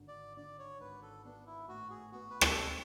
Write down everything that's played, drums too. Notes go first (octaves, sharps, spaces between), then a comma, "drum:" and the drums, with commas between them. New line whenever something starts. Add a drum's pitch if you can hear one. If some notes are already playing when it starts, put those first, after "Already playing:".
Already playing: G#1 D3
D5
D3 D5
C#5
G#1 B4
A4
B3 D4
E4
A2 F#4
G#4
B3 F#4
B4
A4, drum: rim click
G#3